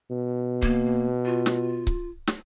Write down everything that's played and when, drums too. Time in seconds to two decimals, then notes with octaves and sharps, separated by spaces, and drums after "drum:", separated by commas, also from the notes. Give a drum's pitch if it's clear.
0.10 B2
0.62 A#3, drum: kick C#1
1.26 F4
1.46 drum: snare
1.87 drum: kick C#1
2.27 drum: snare